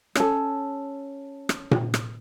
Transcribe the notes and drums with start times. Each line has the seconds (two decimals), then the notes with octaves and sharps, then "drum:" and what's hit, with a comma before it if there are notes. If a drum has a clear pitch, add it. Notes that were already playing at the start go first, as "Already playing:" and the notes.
0.15 C#4 A4, drum: rim click
1.49 drum: rim click
1.71 drum: tom A#2
1.94 drum: rim click